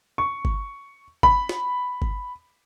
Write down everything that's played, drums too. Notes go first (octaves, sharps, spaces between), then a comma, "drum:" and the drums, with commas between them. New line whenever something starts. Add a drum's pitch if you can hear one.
C#6
drum: kick G1
B5, drum: kick G1
drum: snare
drum: kick G1